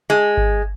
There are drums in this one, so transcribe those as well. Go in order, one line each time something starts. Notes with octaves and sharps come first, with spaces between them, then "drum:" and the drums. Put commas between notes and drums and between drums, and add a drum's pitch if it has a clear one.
G#3
drum: kick G1